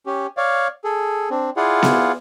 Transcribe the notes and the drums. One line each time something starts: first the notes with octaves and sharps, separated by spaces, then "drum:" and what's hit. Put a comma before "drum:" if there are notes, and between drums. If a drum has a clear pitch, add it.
C#4 G4
C#5 D5 F5
G#4 A4
C4 D4
E4 F4 G#4 D5 F5 F#5
drum: snare B3